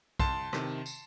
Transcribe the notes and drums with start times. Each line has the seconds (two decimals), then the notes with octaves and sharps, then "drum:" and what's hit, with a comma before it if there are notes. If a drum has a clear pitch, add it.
0.19 C2 A5 C6, drum: kick
0.53 C3 D#3, drum: rim click
0.86 drum: tambourine